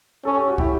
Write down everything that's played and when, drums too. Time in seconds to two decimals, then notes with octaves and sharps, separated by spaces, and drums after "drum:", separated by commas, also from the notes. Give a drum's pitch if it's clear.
0.25 C#4 A4
0.36 G4
0.48 F#4
0.58 E4 G4, drum: kick